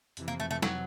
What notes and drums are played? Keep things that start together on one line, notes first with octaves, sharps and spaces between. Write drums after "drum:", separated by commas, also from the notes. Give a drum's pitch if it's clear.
F2 C3 E3, drum: hi-hat
A#3
A3
A3
F#3, drum: snare